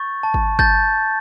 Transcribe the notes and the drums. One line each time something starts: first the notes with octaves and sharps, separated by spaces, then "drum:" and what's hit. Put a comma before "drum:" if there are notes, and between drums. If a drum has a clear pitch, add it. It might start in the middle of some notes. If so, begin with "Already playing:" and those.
Already playing: C#6 G6 A6
A5
drum: kick G1
A5 G6 A6, drum: kick G1